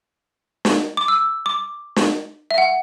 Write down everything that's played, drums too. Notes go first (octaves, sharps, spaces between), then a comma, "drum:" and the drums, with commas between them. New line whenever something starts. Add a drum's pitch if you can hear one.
drum: snare
D6
E6
D6
drum: snare
E5
F#5